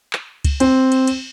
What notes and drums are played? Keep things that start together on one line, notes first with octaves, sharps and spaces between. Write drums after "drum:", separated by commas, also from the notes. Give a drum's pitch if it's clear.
drum: clap
drum: kick C#2, cymbal
C4, drum: cymbal
drum: cymbal
drum: cymbal